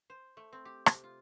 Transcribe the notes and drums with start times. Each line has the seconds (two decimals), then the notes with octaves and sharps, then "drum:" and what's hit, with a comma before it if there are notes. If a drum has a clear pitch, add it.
0.10 C5
0.37 A3
0.53 C4
0.65 G4
0.86 C3, drum: rim click
1.04 F4